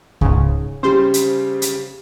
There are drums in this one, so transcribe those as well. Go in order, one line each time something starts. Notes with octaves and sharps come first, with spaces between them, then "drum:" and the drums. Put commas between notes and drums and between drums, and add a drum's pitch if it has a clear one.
C#2 G#2 C#3, drum: kick C#2
C#3 G3 C5
drum: hi-hat
drum: hi-hat